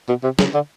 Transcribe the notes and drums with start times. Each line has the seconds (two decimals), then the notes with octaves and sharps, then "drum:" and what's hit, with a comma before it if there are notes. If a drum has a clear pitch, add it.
0.09 B2
0.24 C3
0.39 C#3, drum: snare
0.54 D3